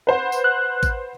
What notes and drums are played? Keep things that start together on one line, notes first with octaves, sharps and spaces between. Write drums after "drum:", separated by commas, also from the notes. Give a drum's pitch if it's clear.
B4 C5 F#5
drum: tambourine
F#6
drum: kick A1, tambourine